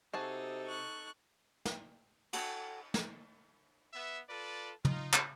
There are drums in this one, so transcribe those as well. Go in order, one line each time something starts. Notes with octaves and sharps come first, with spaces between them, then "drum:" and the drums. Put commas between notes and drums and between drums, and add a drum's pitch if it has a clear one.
C3 D#4 F#4 G#4 A4 A5
C#6 F#6
drum: snare
F#4 A4 G5 G#5, drum: cymbal
drum: snare
B3 E5
F4 A4 B4 D5
D#4 F4, drum: tom
drum: clap